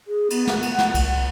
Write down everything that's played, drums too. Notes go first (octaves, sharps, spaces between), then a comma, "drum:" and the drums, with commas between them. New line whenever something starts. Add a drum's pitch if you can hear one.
G#4
B3, drum: cymbal
F#5, drum: snare
drum: cymbal
drum: snare
drum: kick C2, cymbal
F#5